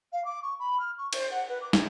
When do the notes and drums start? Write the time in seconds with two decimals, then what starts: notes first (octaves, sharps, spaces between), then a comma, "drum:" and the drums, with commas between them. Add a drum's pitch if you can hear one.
0.12 F5
0.24 D6
0.42 C#6
0.59 B5
0.79 F6
0.97 C#6
1.13 C5, drum: cymbal
1.31 F#5
1.48 B4
1.60 D6
1.73 C5, drum: snare